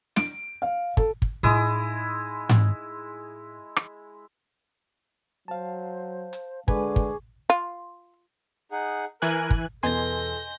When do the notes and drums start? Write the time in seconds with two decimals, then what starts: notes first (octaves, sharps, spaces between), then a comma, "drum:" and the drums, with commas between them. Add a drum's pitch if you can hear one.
0.16 D7, drum: snare
0.62 F5
0.97 A4, drum: kick
1.22 drum: kick
1.43 A2 G#3 D#4 E4 D#6, drum: hi-hat
2.49 drum: tom G#2
3.76 drum: rim click
5.48 F#3 C5 F5 A5
6.33 drum: hi-hat
6.68 D3 G#3 G#4 B4 G#5 C#6 D6, drum: kick
6.96 drum: kick
7.50 F4
8.72 D#4 G#4 F#5
9.22 E3 A#4 G#5 F#6
9.50 drum: kick
9.83 E2 B2 A4 D#5 G#5 C6 G6 A#6